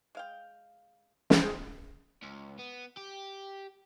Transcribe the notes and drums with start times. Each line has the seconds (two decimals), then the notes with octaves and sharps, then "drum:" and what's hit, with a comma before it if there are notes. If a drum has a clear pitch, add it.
0.15 G#3 F5 G5
1.30 drum: snare
1.42 G#4 C5 G5 C6
2.22 C#2
2.59 B3
2.97 G4